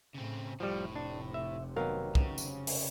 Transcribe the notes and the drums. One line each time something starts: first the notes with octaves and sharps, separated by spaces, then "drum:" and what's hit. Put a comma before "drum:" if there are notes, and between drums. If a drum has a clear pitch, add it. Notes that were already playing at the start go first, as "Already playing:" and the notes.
A2 C#3 C4
F1 A2 C3 F3 G3
D4
E5
D#3 F#3 B3 A#4 F5
C#3, drum: kick
drum: tambourine
drum: open hi-hat